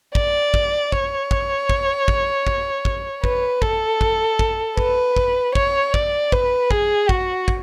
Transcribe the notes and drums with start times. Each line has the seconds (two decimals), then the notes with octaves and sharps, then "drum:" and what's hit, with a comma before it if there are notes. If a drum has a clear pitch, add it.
0.15 D5, drum: kick
0.54 drum: kick
0.92 C#5, drum: kick
1.31 drum: kick
1.69 drum: kick
2.08 drum: kick
2.47 drum: kick
2.85 drum: kick
3.24 B4, drum: kick
3.62 A4, drum: kick
4.01 drum: kick
4.39 drum: kick
4.77 B4, drum: kick
5.16 drum: kick
5.55 C#5, drum: kick
5.94 D5, drum: kick
6.32 B4, drum: kick
6.71 G#4, drum: kick
7.09 F#4, drum: kick
7.48 drum: kick